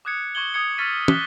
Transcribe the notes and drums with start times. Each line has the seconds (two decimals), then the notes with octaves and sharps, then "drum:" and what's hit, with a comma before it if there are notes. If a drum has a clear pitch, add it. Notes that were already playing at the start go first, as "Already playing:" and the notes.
0.05 D6 D#6 F#6 G#6 C#7
0.35 C#6 D6 F#6 G#6 F#7 G7
0.54 D#6 G#6 C#7
0.78 C#6 E6 F6 A6 B6 D#7
1.08 D6 F#6 B6 G7, drum: tom